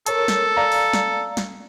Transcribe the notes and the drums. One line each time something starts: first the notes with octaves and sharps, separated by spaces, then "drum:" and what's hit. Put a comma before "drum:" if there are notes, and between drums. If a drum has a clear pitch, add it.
A4 A#4 C#5 A5, drum: hi-hat
drum: snare
D5 F5 A#5
drum: open hi-hat
drum: snare
drum: snare